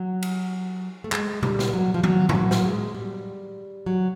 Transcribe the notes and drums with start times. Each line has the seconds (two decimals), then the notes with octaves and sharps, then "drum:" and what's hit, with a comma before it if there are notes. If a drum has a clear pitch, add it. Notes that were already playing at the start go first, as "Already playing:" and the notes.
Already playing: F#3
0.23 drum: cymbal
1.04 A3
1.12 G#3, drum: clap
1.43 G3, drum: tom A#2
1.59 drum: snare
1.74 F#3
1.94 F3
2.03 F#3, drum: tom D#3
2.29 F3, drum: tom A2
2.34 F#3
2.51 drum: snare
2.65 G#3
2.95 G3
3.86 F#3